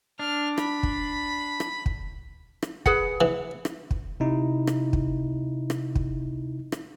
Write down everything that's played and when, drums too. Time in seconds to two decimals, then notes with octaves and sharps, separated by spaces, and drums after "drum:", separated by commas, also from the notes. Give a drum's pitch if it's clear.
0.19 D4 F6
0.58 B5, drum: rim click
0.83 drum: kick
1.60 drum: rim click
1.86 drum: kick
2.63 drum: rim click
2.86 G#4 B4 F#5, drum: kick
3.21 E3
3.65 drum: rim click
3.91 drum: kick
4.20 C3 D#4 E4
4.67 drum: rim click
4.93 drum: kick
5.70 drum: rim click
5.95 drum: kick
6.72 drum: rim click